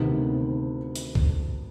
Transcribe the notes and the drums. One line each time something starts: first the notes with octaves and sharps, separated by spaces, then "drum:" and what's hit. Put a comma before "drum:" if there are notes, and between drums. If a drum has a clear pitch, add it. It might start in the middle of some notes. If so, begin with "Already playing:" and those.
Already playing: D2 C3 D#3 B3
drum: hi-hat
drum: kick